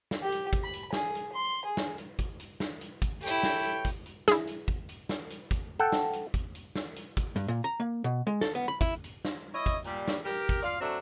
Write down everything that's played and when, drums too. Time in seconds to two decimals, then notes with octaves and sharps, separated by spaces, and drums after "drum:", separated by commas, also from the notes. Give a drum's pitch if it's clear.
0.11 drum: snare
0.22 G4
0.32 drum: hi-hat
0.53 drum: kick, hi-hat
0.63 B5
0.73 drum: hi-hat
0.93 G#4, drum: snare
1.15 drum: hi-hat
1.33 C6
1.65 G#4
1.77 drum: snare
1.98 drum: hi-hat
2.19 drum: kick, hi-hat
2.40 drum: hi-hat
2.60 drum: snare
2.81 drum: hi-hat
3.02 drum: kick, hi-hat
3.23 E4 G4 A4 C#5 G5, drum: hi-hat
3.43 drum: snare
3.64 drum: hi-hat
3.85 drum: kick, hi-hat
4.06 drum: hi-hat
4.28 E4 G#4, drum: snare
4.47 drum: hi-hat
4.68 drum: kick, hi-hat
4.89 drum: hi-hat
5.09 drum: snare
5.30 drum: hi-hat
5.51 drum: kick, hi-hat
5.79 A4 F#5 G5
5.92 drum: snare
6.13 drum: hi-hat
6.34 drum: kick, hi-hat
6.55 drum: hi-hat
6.75 drum: snare
6.96 drum: hi-hat
7.17 drum: kick, hi-hat
7.36 G2, drum: hi-hat
7.48 A#2
7.64 A#5
7.80 A#3
8.04 B2
8.27 G#3
8.41 A4, drum: snare
8.55 B3
8.68 B5
8.81 E4, drum: kick, hi-hat
9.04 drum: hi-hat
9.25 drum: snare
9.53 E4 C#5 D#5
9.66 drum: kick, hi-hat
9.84 A#2 G3, drum: hi-hat
10.08 drum: snare
10.24 G4 A#4
10.49 drum: kick, hi-hat
10.63 F4 D5 F5
10.80 F#3 A3 C4 D4